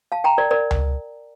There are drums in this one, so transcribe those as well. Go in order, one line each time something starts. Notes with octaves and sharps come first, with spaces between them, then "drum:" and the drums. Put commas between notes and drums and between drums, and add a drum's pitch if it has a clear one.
F5 A5
G5 A#5
A#4 D5
A#4 D5
drum: tom C#2